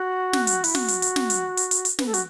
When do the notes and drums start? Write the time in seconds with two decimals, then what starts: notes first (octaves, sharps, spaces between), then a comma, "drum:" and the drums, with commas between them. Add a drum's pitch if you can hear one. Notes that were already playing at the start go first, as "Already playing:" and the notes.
Already playing: F#4
0.33 drum: snare
0.47 drum: hi-hat
0.64 E4, drum: open hi-hat
0.75 F#4, drum: snare
0.88 drum: hi-hat
1.02 drum: hi-hat
1.16 drum: snare
1.30 drum: hi-hat
1.57 drum: hi-hat
1.71 drum: hi-hat
1.85 drum: hi-hat
1.99 B4, drum: snare
2.06 A4
2.14 F#4, drum: hi-hat